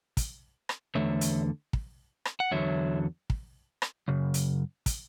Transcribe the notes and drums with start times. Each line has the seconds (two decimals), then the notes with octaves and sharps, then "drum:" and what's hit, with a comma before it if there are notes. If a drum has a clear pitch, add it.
0.17 drum: kick, hi-hat
0.69 drum: rim click
0.95 E2 D3 A3 C#5 E5
1.21 drum: hi-hat
1.73 drum: kick
2.25 drum: rim click
2.40 F#5
2.51 E2 D3 F#3 C#5 E5
3.30 drum: kick
3.82 drum: rim click
4.08 F#2 C#3
4.34 drum: hi-hat
4.86 drum: kick, hi-hat